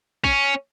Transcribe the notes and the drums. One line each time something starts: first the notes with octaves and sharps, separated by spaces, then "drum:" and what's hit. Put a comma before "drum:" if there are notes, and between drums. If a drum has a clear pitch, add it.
C#4, drum: kick